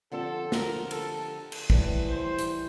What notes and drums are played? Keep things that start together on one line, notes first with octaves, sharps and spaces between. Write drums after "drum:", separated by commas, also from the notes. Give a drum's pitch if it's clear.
D3 F3 C4 G4 A4
A#4, drum: snare
A4, drum: cymbal
drum: cymbal
A2 E3 G3, drum: kick
C5
drum: hi-hat